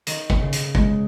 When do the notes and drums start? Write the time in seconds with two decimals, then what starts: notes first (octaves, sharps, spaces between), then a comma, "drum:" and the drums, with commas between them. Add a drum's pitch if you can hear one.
0.07 D#3, drum: hi-hat
0.30 drum: kick
0.41 C#3
0.53 drum: hi-hat
0.75 G#3, drum: kick